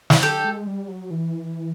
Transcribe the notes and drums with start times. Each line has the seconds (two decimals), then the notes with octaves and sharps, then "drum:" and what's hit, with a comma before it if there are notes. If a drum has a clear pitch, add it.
0.10 drum: snare
0.22 D3 G4 A4
0.45 G#3
0.67 G3
0.88 F#3
1.11 E3